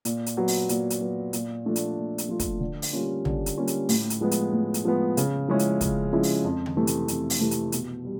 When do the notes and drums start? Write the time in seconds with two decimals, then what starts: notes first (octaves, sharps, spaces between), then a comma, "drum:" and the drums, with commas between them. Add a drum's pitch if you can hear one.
0.05 A#2, drum: hi-hat
0.26 drum: hi-hat
0.37 F#3 B3
0.48 drum: open hi-hat
0.69 A#2, drum: hi-hat
0.90 drum: hi-hat
1.01 F#3 B3
1.33 A#2, drum: hi-hat
1.66 F3 A3 D4 F4
1.76 drum: hi-hat
1.97 A#2
2.18 drum: hi-hat
2.29 F3 A3 D4 F4
2.40 drum: kick, hi-hat
2.60 D3
2.82 drum: open hi-hat
2.93 G3 A#3 C#4 F4
3.25 D3, drum: tom
3.46 drum: hi-hat
3.57 G3 A#3 C#4 F4
3.67 drum: hi-hat
3.89 A2, drum: open hi-hat
4.10 drum: hi-hat
4.21 F3 G#3 B3
4.31 drum: hi-hat
4.52 A2
4.74 drum: hi-hat
4.85 F3 G#3 B3
5.17 C#3, drum: hi-hat
5.48 F3 G#3 C#4 E4
5.59 drum: hi-hat
5.81 C#3, drum: kick, hi-hat
6.13 F3 G#3 C#4 E4
6.23 drum: open hi-hat
6.44 F2
6.66 drum: tom D3
6.76 C3 E3 A3
6.87 drum: hi-hat
7.08 F2, drum: hi-hat
7.30 drum: open hi-hat
7.40 C3 E3 A3
7.51 drum: hi-hat
7.72 B2, drum: hi-hat
8.05 G3